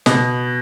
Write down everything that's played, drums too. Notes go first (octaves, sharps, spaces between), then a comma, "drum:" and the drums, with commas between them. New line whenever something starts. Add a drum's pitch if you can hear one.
B2, drum: snare